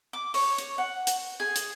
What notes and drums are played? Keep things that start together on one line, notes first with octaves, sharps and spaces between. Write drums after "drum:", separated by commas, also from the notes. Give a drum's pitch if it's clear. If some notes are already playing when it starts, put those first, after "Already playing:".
D6
C#5, drum: open hi-hat
drum: hi-hat
F#5
drum: hi-hat
G#4
drum: hi-hat